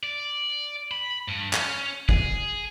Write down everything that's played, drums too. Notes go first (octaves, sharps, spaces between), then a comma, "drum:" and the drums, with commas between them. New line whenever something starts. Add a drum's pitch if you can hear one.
D5
B5
G2
C#4, drum: clap
G#4, drum: kick